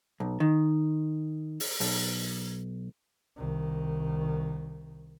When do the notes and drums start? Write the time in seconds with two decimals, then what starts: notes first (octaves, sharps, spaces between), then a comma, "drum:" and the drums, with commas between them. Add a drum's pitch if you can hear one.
0.20 B1
0.40 D#3
1.60 drum: open hi-hat
1.80 B1, drum: open hi-hat
3.36 C2 D#3